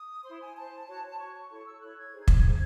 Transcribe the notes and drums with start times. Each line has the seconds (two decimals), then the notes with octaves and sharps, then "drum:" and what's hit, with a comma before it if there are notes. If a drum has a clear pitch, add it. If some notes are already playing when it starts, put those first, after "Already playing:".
Already playing: D#6
0.23 E4 C5 C6
0.40 G#5
0.55 E4 C5 A5
0.86 F#4 C#5
1.12 C6
1.18 F#4 C#5 C#6
1.34 C#6
1.50 E4 A4 C#5 C#6
1.65 E6
1.81 E4 A4 C#5 F#6
1.97 G#6
2.13 D#4 G#4 C5
2.28 drum: kick
2.44 D#4 G#4 C5